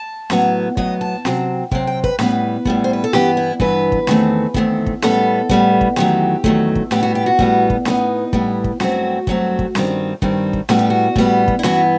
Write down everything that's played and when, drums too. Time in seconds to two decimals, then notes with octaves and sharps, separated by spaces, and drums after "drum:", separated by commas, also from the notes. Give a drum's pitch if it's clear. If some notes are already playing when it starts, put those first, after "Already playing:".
Already playing: A5
0.30 A2 F#3 B3, drum: snare C#4
0.77 A2 F#3 B3 D#5, drum: kick
1.01 A5
1.25 C3 F#3 C4, drum: snare C#4
1.71 C3 F#3 C4 G5, drum: kick
1.87 G5
2.04 B4, drum: kick
2.19 A2 G3 B3 B4, drum: snare C#4
2.65 A2 G3 B3, drum: kick
2.84 C5
2.93 B4
3.04 A4
3.13 G2 E3 B3 G4, drum: snare C#4
3.37 E4
3.60 G2 E3 B3 B4, drum: kick
3.92 drum: kick
4.07 E2 D#3 A3 C4, drum: snare C#4
4.54 E2 D#3 A3 C4, drum: kick
4.86 drum: kick
5.02 A2 G3 B3 A4, drum: snare C#4
5.49 A2 G3 B3, drum: kick
5.81 drum: kick
5.96 E2 D#3 F#3 A3 G4, drum: snare C#4
6.44 E2 D#3 F#3 A3, drum: kick
6.75 drum: kick
6.91 A2 G3 B3 G4, drum: snare C#4
7.03 F#4
7.15 G4
7.26 F#4
7.39 A2 G3 B3, drum: kick
7.70 drum: kick
7.85 A2 G3 B3 D#4, drum: snare C#4
8.33 A2 G3 B3, drum: kick
8.64 drum: kick
8.80 G2 F#3 A3 C4 F#4, drum: snare C#4
9.27 G2 F#3 A3 C4, drum: kick
9.59 drum: kick
9.75 G2 D#3 G3 C4, drum: snare C#4
10.22 G2 D#3 G3 C4, drum: kick
10.53 drum: kick
10.69 A2 G3 B3 F#4, drum: snare C#4
10.79 G4
10.90 F#4
11.16 A2 G3 B3, drum: kick
11.48 drum: kick
11.59 E4
11.63 G2 E3 B3 F#4, drum: snare C#4